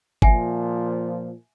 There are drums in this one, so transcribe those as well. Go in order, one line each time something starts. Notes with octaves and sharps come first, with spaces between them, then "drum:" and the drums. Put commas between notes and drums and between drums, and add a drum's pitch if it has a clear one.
A#2 F3 E5 F#5 G#5, drum: kick G1